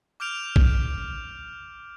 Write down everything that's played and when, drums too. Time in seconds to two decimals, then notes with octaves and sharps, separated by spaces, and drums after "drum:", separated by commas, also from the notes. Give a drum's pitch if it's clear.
0.20 D6 F6 G6 D7 F7
0.56 drum: kick A#1